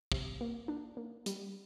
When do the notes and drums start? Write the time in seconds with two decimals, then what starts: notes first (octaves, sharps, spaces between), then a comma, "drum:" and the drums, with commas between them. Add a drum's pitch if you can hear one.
0.12 C3, drum: kick
0.41 A#3
0.68 D4
0.97 A#3
1.26 G3, drum: hi-hat